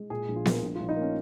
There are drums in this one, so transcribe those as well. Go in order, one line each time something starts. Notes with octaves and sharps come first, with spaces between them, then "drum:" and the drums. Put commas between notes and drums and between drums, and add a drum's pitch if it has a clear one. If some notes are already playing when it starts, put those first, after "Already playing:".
Already playing: G#3
A#2 G#4
A#1
F4
A#1 A#4, drum: snare B3
A#1
A#1 F4
D#4
A#3
C#4